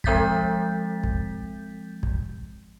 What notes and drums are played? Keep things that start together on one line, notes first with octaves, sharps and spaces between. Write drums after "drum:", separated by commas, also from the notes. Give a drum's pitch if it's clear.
F3 G#3 C4 G6 A6 B6, drum: kick
drum: kick
drum: kick